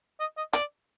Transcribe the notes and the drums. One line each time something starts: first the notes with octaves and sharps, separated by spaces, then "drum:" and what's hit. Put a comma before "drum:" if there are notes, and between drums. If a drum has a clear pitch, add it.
D#5
D#5
D5, drum: hi-hat